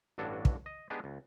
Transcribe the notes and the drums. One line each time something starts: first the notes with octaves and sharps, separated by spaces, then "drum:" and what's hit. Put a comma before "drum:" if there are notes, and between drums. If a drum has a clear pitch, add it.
A1 G2 D4 F#4 A4 C#5
drum: kick
D#5
G#3 B3 D4 D#4 G4 G#4
C#2